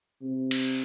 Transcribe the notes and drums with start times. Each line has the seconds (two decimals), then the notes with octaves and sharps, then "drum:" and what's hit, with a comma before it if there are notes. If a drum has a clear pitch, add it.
0.22 C3
0.51 drum: cymbal